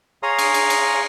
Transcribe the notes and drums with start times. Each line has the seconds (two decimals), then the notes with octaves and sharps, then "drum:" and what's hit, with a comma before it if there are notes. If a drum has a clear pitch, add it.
0.23 G#4 C#5 F5 A#5 C6 D#6
0.39 drum: cymbal
0.54 drum: cymbal
0.70 drum: cymbal